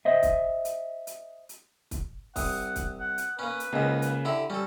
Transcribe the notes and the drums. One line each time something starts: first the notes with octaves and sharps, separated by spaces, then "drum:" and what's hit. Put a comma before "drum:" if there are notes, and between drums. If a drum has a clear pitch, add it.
C5 D#5 E5
drum: kick, hi-hat
drum: hi-hat
drum: hi-hat
drum: hi-hat
drum: kick, hi-hat
C2 F#5 D#6, drum: kick, open hi-hat
drum: kick, hi-hat
F#5
drum: hi-hat
A#3 C#4 B4
drum: hi-hat
C#2 G#2 C#3 A#3
drum: hi-hat
D3 E4 G4
G3 C#4 A4